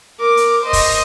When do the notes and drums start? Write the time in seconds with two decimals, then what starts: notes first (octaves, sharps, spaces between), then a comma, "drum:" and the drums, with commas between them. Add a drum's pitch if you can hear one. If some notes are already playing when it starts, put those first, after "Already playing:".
0.19 A#4 D6
0.37 drum: hi-hat
0.64 C5 D#5
0.73 drum: kick, open hi-hat